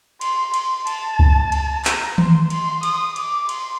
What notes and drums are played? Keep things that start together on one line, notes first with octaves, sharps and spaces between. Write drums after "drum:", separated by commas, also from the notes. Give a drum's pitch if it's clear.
C6, drum: cymbal
C6, drum: cymbal
A5, drum: cymbal
drum: kick C2
drum: cymbal
A#5, drum: clap
C6, drum: tom D#3
C6, drum: cymbal
D#6, drum: cymbal
D6, drum: cymbal
C6, drum: cymbal